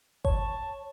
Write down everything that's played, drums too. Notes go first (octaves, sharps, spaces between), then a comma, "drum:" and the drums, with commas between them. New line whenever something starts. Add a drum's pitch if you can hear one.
C#5 A5, drum: kick G1